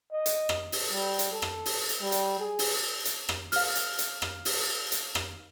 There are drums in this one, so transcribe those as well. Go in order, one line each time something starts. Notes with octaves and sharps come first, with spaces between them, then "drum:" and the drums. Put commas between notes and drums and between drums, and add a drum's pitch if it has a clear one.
D#5
drum: hi-hat
drum: rim click
drum: open hi-hat
G3
drum: hi-hat
A4
drum: rim click
drum: open hi-hat
drum: hi-hat
G3
drum: hi-hat
G#4
drum: open hi-hat
drum: hi-hat
drum: rim click
F5 F6, drum: open hi-hat
drum: hi-hat
drum: hi-hat
drum: rim click
drum: open hi-hat
drum: hi-hat
drum: rim click